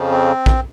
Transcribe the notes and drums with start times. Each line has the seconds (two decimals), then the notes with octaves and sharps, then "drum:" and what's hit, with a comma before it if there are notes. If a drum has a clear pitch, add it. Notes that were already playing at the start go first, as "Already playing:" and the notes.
Already playing: F2 C#3 F3
0.11 C4
0.46 drum: kick A#1